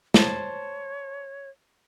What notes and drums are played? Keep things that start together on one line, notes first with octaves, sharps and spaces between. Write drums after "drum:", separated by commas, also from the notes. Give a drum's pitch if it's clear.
C5 C#5 A5, drum: snare